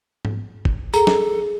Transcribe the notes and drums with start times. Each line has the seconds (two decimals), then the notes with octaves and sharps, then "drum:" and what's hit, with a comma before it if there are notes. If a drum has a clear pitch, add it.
0.25 drum: tom G#2
0.65 drum: kick
0.94 G#4 A4 A#5, drum: tambourine
1.07 drum: snare